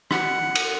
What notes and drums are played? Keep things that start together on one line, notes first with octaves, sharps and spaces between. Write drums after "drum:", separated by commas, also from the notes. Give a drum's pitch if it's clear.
F#5, drum: rim click
drum: cymbal